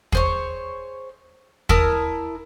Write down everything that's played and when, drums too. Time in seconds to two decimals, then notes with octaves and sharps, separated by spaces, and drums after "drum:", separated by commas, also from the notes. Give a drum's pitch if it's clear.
0.12 G#4 C5 C#5, drum: kick
1.69 E4 A#4 A5 D#6, drum: kick